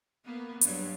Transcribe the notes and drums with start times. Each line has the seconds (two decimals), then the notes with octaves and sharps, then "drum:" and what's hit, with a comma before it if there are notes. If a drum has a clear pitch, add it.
0.25 A#3 B3
0.61 G2 F#3, drum: hi-hat